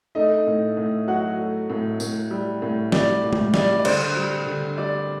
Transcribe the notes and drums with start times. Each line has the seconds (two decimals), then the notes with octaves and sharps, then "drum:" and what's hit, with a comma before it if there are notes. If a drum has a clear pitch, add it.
0.15 A3 D#4 D#5
0.47 A2
0.77 A2
1.07 F#3 F#4 F#5
1.39 A3
1.70 A2
2.00 A2, drum: tambourine
2.31 G3
2.62 A2
2.92 G3 D5, drum: snare
3.23 A2
3.33 drum: tom G#3
3.54 G3 D5, drum: snare
3.79 D5
3.85 D3 C5, drum: cymbal
4.16 G3
4.46 D3
4.77 G3 D5